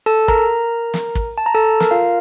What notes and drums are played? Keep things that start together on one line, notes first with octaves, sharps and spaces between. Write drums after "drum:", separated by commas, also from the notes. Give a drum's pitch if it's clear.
A4 A5
A#4 A#5, drum: kick
drum: snare
drum: kick
A5
A#5
A4 A5
A#4 A#5, drum: snare
F4 F5